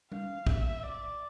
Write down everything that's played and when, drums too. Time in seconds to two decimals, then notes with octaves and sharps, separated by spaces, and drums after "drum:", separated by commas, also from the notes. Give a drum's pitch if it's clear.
0.12 F5, drum: tom G3
0.47 E5, drum: kick
0.83 D5